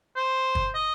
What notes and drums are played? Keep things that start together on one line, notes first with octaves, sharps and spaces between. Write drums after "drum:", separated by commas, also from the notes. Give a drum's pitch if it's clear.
C5
drum: kick
D#5